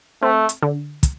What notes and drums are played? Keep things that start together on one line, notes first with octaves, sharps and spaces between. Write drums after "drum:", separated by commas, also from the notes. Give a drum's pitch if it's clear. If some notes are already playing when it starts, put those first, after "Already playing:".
A3 C4
drum: hi-hat
D3
drum: kick, hi-hat